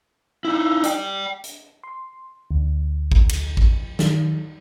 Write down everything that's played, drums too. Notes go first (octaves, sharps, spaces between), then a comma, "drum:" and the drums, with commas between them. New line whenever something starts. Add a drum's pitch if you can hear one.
D#4 E4
D5 G5, drum: hi-hat
drum: hi-hat
C6
D2
drum: kick A1
drum: cymbal
drum: kick A1
D#3, drum: snare